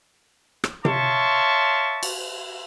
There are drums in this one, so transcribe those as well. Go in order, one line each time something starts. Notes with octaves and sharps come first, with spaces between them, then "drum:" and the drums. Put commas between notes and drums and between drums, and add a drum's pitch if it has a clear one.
drum: rim click
C#5 E5 F5 A5 C6 C#6, drum: tom C3
drum: cymbal